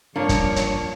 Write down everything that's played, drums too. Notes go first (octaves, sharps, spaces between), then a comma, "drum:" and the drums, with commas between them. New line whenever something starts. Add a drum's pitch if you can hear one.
G2 F3 A#3 D4 C#5
drum: kick, hi-hat
drum: hi-hat